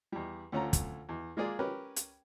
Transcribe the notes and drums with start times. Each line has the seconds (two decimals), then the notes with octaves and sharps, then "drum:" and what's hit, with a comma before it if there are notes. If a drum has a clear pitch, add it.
0.12 E2 G3
0.52 D2 A3 C#4 F4 A#5
0.73 drum: kick, hi-hat
1.09 E2
1.37 G#3 A#3 F4 G#4 D5
1.59 C#4 G4 A#4 B4
1.96 drum: hi-hat